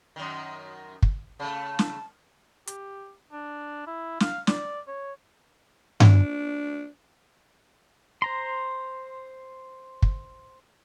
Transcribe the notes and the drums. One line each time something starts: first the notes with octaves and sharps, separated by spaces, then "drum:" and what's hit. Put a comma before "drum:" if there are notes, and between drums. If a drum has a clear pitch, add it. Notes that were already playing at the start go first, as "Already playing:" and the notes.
F#2 D#3
drum: kick
C#3 A3 A5
drum: snare
G4, drum: hi-hat
D4
E4
F5, drum: snare
D5, drum: snare
C#5
D4, drum: tom G2
C5 A#5 C6
drum: kick